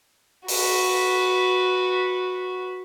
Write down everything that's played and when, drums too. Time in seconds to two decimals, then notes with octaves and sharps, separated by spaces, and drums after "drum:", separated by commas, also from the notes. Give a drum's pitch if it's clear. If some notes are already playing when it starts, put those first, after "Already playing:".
0.48 F#4 B4, drum: open hi-hat